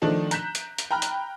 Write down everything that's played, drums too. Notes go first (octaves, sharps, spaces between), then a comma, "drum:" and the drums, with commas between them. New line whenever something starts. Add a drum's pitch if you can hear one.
D#3 F3 A3 D4 D#4
A#5 F#6 G6 B6 E7, drum: hi-hat
drum: hi-hat
drum: hi-hat
G5 A#5 B5 F6 F#6
drum: hi-hat